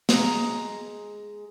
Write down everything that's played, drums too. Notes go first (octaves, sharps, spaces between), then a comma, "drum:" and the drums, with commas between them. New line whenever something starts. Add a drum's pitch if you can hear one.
G#3 A#5, drum: snare